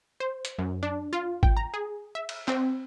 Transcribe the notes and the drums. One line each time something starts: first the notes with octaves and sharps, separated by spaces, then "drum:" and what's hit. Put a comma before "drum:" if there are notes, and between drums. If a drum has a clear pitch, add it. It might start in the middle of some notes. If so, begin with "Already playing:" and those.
C5
drum: hi-hat
F#2
D4
F4
G5, drum: kick G#1
A#5
G#4
E5
drum: cymbal
C4, drum: clap